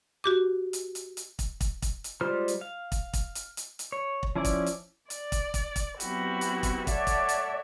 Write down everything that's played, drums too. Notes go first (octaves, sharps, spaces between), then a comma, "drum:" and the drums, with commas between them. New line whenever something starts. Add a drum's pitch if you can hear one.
F#4 G4 D6
drum: hi-hat
drum: hi-hat
drum: hi-hat
drum: kick, hi-hat
drum: kick, hi-hat
drum: kick, hi-hat
drum: hi-hat
G3 G#3 F4 C5 F6
drum: hi-hat
F5
drum: kick, hi-hat
drum: kick, hi-hat
drum: hi-hat
drum: hi-hat
drum: hi-hat
C#5
drum: kick
F3 C#4 E4 D5
drum: kick, hi-hat
drum: hi-hat
D5, drum: hi-hat
drum: kick, hi-hat
drum: kick, hi-hat
drum: kick, hi-hat
F#3 B3 C4 E4 F#4 G4, drum: hi-hat
drum: hi-hat
drum: kick, hi-hat
A4 C#5 D5 E5 F#5, drum: kick, hi-hat
drum: kick, hi-hat
drum: hi-hat